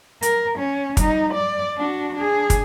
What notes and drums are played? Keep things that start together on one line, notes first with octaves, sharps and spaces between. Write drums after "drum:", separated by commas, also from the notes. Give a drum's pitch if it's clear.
A#4, drum: hi-hat
C#4
G3 D#4, drum: kick, hi-hat
D5
D4 F#4
D4 G#4
drum: kick, hi-hat